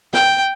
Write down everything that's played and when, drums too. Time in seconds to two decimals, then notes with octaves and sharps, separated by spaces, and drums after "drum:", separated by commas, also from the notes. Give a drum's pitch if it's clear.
0.13 G5, drum: snare